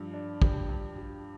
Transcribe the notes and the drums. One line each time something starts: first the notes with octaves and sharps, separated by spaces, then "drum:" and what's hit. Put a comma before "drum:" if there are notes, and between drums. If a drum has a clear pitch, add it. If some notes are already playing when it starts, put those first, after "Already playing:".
Already playing: G2 F3
D4
G4, drum: kick
G2
G4